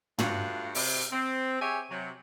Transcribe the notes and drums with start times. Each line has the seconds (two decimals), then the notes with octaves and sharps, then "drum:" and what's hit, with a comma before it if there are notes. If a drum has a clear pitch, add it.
0.18 G2 A3 F4 F#4, drum: tom
0.75 C3, drum: open hi-hat
1.12 C4
1.61 G4 G#4 C#5 E5 G#5
1.90 C3 F#3